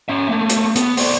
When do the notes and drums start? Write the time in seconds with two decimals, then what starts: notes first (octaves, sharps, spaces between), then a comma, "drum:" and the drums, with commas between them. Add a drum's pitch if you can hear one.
0.09 C#4 E5
0.29 A3 A#3
0.50 drum: hi-hat
0.76 B3, drum: hi-hat
0.97 C5 D5, drum: open hi-hat